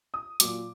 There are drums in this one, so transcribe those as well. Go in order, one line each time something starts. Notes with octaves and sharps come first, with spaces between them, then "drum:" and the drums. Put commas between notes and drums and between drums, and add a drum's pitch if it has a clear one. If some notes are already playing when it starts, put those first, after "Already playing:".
D#6
A#2 F#3 D6, drum: hi-hat